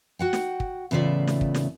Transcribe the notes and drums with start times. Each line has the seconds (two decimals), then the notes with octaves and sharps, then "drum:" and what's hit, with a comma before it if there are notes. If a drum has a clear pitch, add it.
0.19 F#4 F#5 G5
0.33 drum: snare
0.60 drum: kick
0.91 E2 A2 C#3 F4 D5 E5
1.27 drum: snare
1.41 drum: kick
1.54 drum: snare